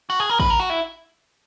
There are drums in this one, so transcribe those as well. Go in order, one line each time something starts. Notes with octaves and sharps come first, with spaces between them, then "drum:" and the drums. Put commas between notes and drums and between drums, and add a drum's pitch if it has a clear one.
F#4
G#4
A#4
B4, drum: kick A1
A#4
F#4
E4